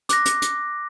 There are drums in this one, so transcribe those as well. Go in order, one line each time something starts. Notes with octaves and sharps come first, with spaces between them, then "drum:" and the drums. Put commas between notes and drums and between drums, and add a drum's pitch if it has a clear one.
D6 F#6 A#6, drum: hi-hat
drum: hi-hat
drum: hi-hat